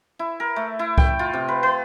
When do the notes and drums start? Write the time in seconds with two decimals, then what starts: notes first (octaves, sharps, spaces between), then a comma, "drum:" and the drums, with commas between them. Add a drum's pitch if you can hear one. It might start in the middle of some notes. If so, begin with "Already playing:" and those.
0.19 E4
0.40 A#4
0.56 A3
0.79 E4
0.98 G5, drum: kick C2
1.19 F4
1.33 C3
1.48 B4
1.63 B4